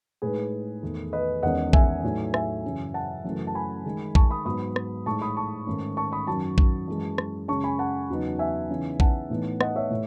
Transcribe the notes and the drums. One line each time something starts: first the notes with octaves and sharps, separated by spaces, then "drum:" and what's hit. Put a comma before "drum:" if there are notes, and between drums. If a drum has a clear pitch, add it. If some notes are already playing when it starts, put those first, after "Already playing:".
A2 G#3 D#4 G#4 B4
E2 D#3 A3 D#4
B4 D#5
E2 D#3 G#3 C#4 D#5 F#5
E5 G#5, drum: kick A#1
A2 F#3 A3 D#4
E5 G#5, drum: rim click
F#2 C#3 E3
F#5 A5
F#2 C#3 E3 A3
A5
G#5 B5
D#3 G#3 D#4
A5 C#6, drum: kick A#1
B5 D#6
G#2 F#3 B3 D#4 B5 D#6
drum: rim click
A2 G#3 D#4 A5 C#6
B5 D#6
A5 C#6
G#2 D#3 A3 C#4
A5 C#6
B5 D#6
F#2 D#3 F#3 A5 C#6
drum: kick A#1
F#2 E3 G#3
drum: rim click
F#2 C#3 G#3 C#4 A5 C#6
G#5 B5
F#5 A5
E2 C#3 F#3 B3 D#4
E5 G#5
C#3 E3 B3 D#4
F#5 A5, drum: kick A#1
A2 E3 B3 D#4
D#5 F#5, drum: rim click
C#5 E5
A2